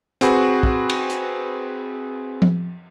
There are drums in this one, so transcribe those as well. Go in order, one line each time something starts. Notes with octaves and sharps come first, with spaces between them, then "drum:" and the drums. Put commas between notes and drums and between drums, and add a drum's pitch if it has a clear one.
C4 F#4 G#4 B4, drum: hi-hat
drum: kick
drum: cymbal
drum: hi-hat
drum: tom F3